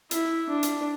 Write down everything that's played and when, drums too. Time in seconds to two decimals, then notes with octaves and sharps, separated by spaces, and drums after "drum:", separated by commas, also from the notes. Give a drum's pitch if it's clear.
0.11 E4, drum: hi-hat
0.49 D4
0.63 drum: hi-hat